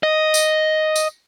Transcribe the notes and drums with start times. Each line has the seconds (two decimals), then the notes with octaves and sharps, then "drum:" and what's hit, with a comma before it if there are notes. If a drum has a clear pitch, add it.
0.03 D#5
0.34 drum: tambourine
0.96 drum: tambourine